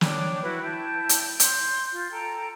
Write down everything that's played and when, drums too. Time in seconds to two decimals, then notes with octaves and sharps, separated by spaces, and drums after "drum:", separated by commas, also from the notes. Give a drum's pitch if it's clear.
0.01 D4 C#5 G5, drum: snare
0.42 E4 F#4 B4
0.62 E4 G5 A5 G6
1.09 drum: hi-hat
1.40 C6 G6, drum: hi-hat
1.92 F4
2.11 A4 G5 A#5